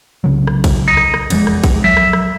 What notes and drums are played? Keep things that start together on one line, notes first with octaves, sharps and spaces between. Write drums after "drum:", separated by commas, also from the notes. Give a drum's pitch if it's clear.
C2 C#3 F#3
drum: rim click
drum: kick A#1, cymbal
D#4
drum: rim click
drum: rim click
F1 E2 F3 G#3, drum: cymbal
drum: rim click
drum: kick A#1, cymbal
F#3 E5
drum: rim click
drum: rim click